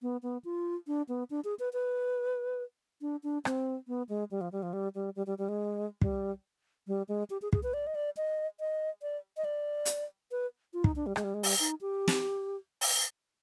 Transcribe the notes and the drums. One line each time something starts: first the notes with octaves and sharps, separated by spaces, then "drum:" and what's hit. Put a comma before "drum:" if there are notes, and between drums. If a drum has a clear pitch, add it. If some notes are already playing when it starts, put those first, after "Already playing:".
B3
B3
F4
D4
B3
D4
G#4
B4
B4
D4
D4
C4, drum: rim click
B3
G#3
G3
F3
G3
F3
G3
G3
G3
G3
G3
G#3
G3, drum: kick
G3
G#3
G4
G#4
G#4, drum: kick
B4
D5
D#5
D5
D#5
D#5
D5
D#5
D5
drum: hi-hat
B4
F4
D#4, drum: kick
D4
G3
G#3, drum: rim click
G3
G#3
G3, drum: open hi-hat
D#4
G4
drum: snare
drum: open hi-hat